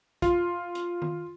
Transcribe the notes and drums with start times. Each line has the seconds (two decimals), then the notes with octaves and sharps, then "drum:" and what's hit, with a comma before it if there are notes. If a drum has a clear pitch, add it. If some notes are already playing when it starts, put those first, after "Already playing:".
0.22 F4, drum: kick, hi-hat
0.75 drum: hi-hat
1.02 drum: tom D#3